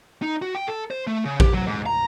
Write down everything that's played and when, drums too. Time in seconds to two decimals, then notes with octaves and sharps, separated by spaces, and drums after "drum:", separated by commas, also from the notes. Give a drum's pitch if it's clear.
0.22 D#4
0.42 F#4
0.55 G5
0.68 A4
0.91 C5
1.07 A3
1.25 C#3
1.40 G4, drum: kick A1
1.53 F#3
1.67 G#2
1.86 A#5